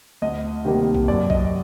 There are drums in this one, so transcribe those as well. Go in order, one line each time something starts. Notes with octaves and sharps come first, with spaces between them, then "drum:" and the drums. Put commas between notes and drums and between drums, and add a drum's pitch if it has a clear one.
D2 D#5
C3 D#3 G3 A#3
drum: kick
F#2 D5
D#5, drum: kick